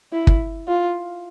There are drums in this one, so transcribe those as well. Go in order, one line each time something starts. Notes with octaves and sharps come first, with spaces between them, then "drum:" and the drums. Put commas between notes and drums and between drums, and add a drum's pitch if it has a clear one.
E4
drum: kick
F4